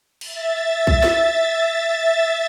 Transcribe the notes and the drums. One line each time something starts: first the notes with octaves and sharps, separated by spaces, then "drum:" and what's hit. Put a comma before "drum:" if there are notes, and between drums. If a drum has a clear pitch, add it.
E5 A6, drum: cymbal
drum: kick A#1
drum: snare